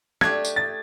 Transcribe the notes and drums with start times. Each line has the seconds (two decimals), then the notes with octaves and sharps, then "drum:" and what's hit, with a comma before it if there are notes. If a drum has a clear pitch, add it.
0.21 A3 D4 G4 G#6, drum: rim click
0.45 drum: tambourine
0.56 A6